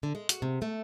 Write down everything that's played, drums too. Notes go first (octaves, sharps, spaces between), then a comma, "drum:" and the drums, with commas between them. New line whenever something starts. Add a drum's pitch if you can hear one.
D3
G#3
F#4, drum: hi-hat
C3
A3